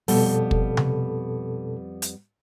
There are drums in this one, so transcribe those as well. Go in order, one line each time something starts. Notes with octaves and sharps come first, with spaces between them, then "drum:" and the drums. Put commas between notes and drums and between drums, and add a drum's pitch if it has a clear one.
F2 B2 G3 B3 A4, drum: open hi-hat
drum: kick
drum: tom C3
drum: hi-hat